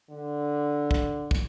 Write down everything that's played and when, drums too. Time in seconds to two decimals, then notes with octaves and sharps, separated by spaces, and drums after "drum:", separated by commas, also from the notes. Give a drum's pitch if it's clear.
0.10 D3
0.91 drum: kick
1.31 drum: kick